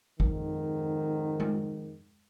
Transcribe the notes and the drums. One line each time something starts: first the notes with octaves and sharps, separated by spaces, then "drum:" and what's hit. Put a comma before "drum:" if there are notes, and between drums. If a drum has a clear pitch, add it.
F2 G#2 D#3, drum: kick
drum: tom G#3